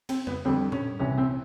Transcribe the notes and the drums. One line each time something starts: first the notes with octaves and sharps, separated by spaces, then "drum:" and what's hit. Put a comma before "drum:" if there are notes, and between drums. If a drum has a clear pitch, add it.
C4, drum: cymbal
B3, drum: tom F2
F2 D3 G3 C4
C#4, drum: tom A#2
C2 C3 E3 C#4
C4